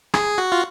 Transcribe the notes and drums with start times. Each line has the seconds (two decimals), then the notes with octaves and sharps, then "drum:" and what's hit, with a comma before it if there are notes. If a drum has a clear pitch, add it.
0.14 G#4, drum: rim click
0.38 F#4
0.52 F4